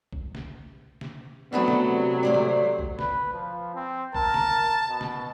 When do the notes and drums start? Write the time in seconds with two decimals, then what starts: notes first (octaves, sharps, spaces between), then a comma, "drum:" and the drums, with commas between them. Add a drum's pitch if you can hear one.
0.13 drum: kick
0.35 drum: snare
1.01 drum: snare
1.53 F#3 A3 B3 C4 D4
1.68 drum: snare
1.90 C3
2.23 A3 C5 D5
2.34 drum: snare
2.79 drum: kick
2.99 B4, drum: snare
3.33 F3
3.75 C4
4.15 A#4 A5, drum: kick
4.34 drum: snare
4.89 B2
5.01 drum: snare